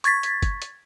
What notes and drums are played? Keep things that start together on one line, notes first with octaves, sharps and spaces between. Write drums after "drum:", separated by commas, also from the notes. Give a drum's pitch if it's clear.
C#6 G#6 A6 B6, drum: hi-hat
drum: hi-hat
drum: kick G1, hi-hat
drum: hi-hat